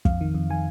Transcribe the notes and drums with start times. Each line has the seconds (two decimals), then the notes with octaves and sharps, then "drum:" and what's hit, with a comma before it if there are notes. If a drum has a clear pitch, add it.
0.05 F2 F5, drum: kick
0.21 D#3
0.34 F2
0.50 D#3 G#5